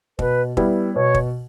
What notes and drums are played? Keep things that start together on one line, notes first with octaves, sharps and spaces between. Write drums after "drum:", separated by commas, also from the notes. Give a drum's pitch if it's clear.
B2 B4, drum: kick
G3 B3 E4, drum: kick
B2 C#5
drum: kick